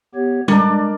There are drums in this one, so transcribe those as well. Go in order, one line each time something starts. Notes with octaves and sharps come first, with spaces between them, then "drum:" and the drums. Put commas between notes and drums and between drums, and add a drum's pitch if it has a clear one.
B3 G4 C#5
G#3 D4 A#4 D5, drum: tom